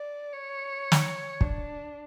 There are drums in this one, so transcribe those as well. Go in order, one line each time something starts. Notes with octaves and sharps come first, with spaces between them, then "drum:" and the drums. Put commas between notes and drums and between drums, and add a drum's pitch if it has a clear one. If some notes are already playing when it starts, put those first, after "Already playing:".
Already playing: D5
C#5
drum: snare
D4, drum: kick